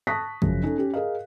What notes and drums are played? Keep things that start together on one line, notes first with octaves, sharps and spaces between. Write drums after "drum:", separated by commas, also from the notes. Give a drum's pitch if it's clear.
A5 C#6 D#6 F#6 A#6 B6
F#2 C#3 F3, drum: kick
C#4 D#4 A4
C#4 G4
G#4 A#4 D#5 F5